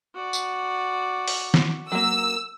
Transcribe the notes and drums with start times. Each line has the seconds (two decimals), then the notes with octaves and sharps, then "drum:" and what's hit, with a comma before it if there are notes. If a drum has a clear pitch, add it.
0.15 F#4 D5
0.33 drum: tambourine
1.28 drum: open hi-hat
1.54 drum: snare
1.92 F#3 A#3 E6